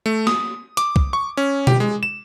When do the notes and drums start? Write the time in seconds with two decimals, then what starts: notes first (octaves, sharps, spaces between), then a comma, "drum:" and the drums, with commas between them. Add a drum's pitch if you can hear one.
0.06 A3
0.27 D#6, drum: snare
0.77 D6, drum: hi-hat
0.96 drum: kick
1.13 C#6
1.37 C#4
1.67 G4, drum: tom B2
1.80 G#3
2.03 E7